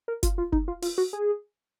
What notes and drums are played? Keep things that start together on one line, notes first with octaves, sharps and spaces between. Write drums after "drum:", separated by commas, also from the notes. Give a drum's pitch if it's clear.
A#4
F4, drum: kick, hi-hat
F4
D#4, drum: kick
F4
F4, drum: open hi-hat
F#4
G#4